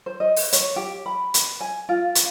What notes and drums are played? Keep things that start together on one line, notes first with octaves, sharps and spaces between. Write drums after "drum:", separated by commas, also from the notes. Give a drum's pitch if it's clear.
C5
D#5
drum: open hi-hat
C#5, drum: hi-hat
G4
B5
drum: hi-hat
G#5
F4
drum: hi-hat